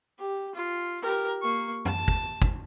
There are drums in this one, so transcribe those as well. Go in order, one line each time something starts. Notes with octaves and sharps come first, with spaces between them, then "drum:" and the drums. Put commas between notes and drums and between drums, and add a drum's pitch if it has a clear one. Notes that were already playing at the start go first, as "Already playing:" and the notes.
G4
F4
G4 A#4
A#3 C#6
A5, drum: tom F#2
drum: kick
drum: kick